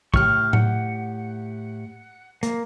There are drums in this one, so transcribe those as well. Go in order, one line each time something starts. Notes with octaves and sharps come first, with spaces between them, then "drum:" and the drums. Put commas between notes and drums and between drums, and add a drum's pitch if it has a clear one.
A2 G4 C#6 F6, drum: kick
F#5, drum: tom A2
A#3, drum: hi-hat